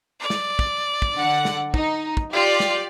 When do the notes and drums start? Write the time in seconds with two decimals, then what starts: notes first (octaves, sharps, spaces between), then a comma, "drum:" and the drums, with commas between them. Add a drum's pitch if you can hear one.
0.21 D5
0.30 drum: snare
0.59 drum: kick
1.02 drum: kick
1.16 D3 F#5
1.45 drum: snare
1.74 D#4, drum: kick
2.17 drum: kick
2.33 F4 G4 D5
2.60 drum: snare